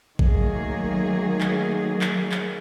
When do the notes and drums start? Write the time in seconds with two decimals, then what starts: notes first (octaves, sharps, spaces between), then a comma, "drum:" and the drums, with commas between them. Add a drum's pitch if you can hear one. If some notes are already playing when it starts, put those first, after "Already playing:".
0.19 D#3 F#3 A3 A#3 G#4, drum: kick A1
1.41 drum: clap
2.01 drum: clap
2.32 drum: clap